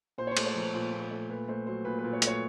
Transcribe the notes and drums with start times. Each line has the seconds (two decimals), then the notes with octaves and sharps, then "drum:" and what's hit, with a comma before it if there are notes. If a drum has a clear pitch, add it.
0.18 A#2 C5
0.27 C#5
0.31 C5
0.37 A3, drum: cymbal
0.46 C#5
0.55 F3 C5
0.74 A#2 C5
0.92 A#2
1.02 C5
1.11 A3
1.29 A#2 B4
1.48 A3 C5
1.67 F#3 C5
1.85 A#2 B4
1.99 B4
2.04 A#2
2.13 C#5
2.22 A3, drum: hi-hat
2.27 C#5